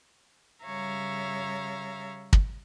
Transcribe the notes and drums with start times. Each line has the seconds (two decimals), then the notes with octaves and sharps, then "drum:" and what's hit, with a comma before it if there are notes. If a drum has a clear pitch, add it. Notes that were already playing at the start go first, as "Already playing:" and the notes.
0.65 C#3 G3 C#5 E5 F5 A#5
2.33 drum: kick